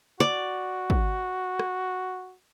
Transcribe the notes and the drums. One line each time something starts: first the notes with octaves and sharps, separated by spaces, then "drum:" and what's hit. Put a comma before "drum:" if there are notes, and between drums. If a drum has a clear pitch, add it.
F#4 D5
drum: kick
drum: rim click